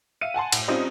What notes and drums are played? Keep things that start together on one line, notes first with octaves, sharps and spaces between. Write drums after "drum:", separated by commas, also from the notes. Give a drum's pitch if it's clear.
E5 F5 C#7 D#7
F#5 G#5 A5 C6
A2, drum: cymbal
G3 C4 C#4 D#4 F4